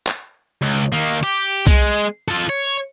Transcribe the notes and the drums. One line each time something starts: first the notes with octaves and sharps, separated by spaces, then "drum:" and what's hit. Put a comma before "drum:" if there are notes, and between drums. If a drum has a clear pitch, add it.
drum: clap
C#2
D#3 A#3
G4
G#3, drum: kick B1
F4 A4
C#5